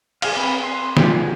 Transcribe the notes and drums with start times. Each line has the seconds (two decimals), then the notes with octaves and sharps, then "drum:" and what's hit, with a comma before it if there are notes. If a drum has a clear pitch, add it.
0.22 G#4 F5, drum: cymbal
0.37 C4 B4 B5
0.63 C6
0.97 F3 G#3 D4 F4 G4, drum: snare D#3
1.14 F#4 G#4